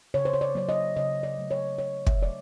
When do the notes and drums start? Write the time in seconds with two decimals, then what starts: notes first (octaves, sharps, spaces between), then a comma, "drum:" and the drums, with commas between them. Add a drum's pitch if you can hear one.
0.14 C#3 C#5
0.25 C5
0.33 C#5
0.41 D5
0.55 F#3 A#3 D5
0.69 D#5
0.96 C#3 D#5
1.23 D5
1.38 F#3 A3
1.51 C#5
1.79 C#3 C#5
2.07 E5, drum: kick
2.20 F#3 A3 D5